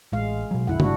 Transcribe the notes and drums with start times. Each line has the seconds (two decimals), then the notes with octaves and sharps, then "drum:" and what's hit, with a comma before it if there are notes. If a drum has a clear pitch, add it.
0.13 A1 G#3 F5
0.51 B2 F#3
0.67 A#1 F2 D3 E4 F#5
0.80 G1 G3 D4 F#4, drum: tom